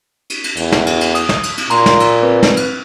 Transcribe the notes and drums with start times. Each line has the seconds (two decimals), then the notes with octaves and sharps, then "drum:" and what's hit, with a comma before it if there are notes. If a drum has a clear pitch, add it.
0.30 drum: cymbal
0.44 drum: cymbal
0.57 E2, drum: cymbal
0.72 drum: snare
0.87 drum: cymbal
1.01 drum: cymbal
1.15 D#6, drum: cymbal
1.29 drum: snare
1.43 drum: cymbal
1.57 drum: cymbal
1.70 A#2 A#5 C6, drum: cymbal
1.86 drum: snare
2.00 drum: cymbal
2.23 C4 B4
2.43 drum: snare
2.57 drum: cymbal